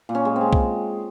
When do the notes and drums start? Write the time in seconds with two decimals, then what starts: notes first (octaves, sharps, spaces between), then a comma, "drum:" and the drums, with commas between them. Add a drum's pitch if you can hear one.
0.09 A#2
0.15 C#4
0.25 G#3
0.36 C4
0.41 G#3
0.53 drum: kick B1